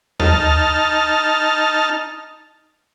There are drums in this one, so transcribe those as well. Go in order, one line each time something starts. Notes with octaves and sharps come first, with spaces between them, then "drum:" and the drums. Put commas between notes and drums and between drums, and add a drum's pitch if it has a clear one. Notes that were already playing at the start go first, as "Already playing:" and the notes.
D#4 A5 F6, drum: tom D#2